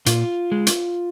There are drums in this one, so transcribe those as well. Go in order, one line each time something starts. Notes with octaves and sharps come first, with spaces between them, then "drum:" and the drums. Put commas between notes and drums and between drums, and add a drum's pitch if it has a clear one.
A#2 F4, drum: hi-hat
G#3
drum: hi-hat